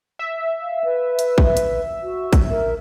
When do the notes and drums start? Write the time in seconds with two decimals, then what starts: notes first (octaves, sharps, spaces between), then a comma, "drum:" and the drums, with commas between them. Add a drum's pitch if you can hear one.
0.19 E5
0.62 F5
0.84 B4
1.19 drum: hi-hat
1.38 drum: kick
1.57 drum: hi-hat
2.03 F#4
2.33 drum: kick, hi-hat
2.50 A#4